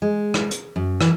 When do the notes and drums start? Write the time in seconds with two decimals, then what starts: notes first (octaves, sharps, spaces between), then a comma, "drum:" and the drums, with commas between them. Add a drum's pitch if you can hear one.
0.02 G#3
0.34 drum: rim click
0.51 drum: hi-hat
0.76 F#2
1.01 E3, drum: rim click